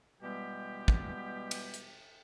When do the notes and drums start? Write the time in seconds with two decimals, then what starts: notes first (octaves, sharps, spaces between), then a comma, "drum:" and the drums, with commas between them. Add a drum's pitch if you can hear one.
0.22 B2 E3 G3 G#3 B3 G4
0.88 drum: kick
1.51 drum: cymbal
1.74 drum: hi-hat